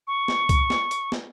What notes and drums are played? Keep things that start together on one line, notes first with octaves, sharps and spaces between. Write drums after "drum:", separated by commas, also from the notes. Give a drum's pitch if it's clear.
C#6
drum: snare
drum: kick C2, hi-hat
drum: snare
drum: hi-hat
drum: snare